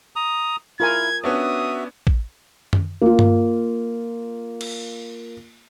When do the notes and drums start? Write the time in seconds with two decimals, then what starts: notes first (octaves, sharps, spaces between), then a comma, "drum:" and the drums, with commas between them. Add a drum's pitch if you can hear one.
0.16 A#5 D#6
0.80 E4 F4 A#4 G#5 G#6
1.24 B3 C#4 D4 F#4 E5 D#6
2.07 drum: kick A1
2.73 drum: tom F#2
3.02 A#3 F4
3.19 drum: tom G2
4.61 drum: cymbal